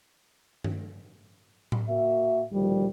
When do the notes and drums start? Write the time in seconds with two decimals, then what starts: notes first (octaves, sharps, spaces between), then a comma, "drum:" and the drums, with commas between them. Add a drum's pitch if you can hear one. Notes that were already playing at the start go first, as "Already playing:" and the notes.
0.64 drum: tom G2
1.72 drum: tom A2
1.88 A#3 F#4 E5
2.53 D2 A#2 D#3 F3 G3